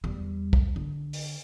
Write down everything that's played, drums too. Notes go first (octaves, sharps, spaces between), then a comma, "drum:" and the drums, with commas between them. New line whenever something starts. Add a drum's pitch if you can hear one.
E2 G3
drum: kick
D3
drum: open hi-hat